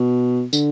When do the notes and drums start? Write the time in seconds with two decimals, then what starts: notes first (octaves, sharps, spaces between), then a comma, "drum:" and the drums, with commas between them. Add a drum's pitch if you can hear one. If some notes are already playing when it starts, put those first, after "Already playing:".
Already playing: B2
0.53 D3, drum: tambourine